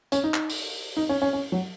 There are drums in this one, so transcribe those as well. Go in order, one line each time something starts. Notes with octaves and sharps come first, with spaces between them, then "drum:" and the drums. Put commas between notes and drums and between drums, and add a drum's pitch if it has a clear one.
C#4, drum: hi-hat
D#4
drum: clap
drum: open hi-hat
D#4
C#4
C#4
C#4
F#3